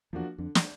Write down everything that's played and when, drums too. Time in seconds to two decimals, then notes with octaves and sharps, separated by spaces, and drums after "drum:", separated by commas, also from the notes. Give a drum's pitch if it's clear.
0.13 E2 F3 A#3 D4 F#4
0.38 F2 D3
0.55 drum: snare